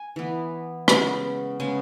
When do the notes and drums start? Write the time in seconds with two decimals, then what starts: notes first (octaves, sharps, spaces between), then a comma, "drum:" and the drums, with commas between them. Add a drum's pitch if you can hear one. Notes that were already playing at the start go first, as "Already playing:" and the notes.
Already playing: G#5
0.16 E3 B3
0.88 C#3 G#3 B3, drum: rim click
1.60 C#3 G#3 B3 G#5